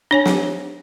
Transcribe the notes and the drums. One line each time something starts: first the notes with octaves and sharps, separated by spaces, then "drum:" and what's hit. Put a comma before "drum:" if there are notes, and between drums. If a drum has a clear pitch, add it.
D4 C#5 G#5
drum: snare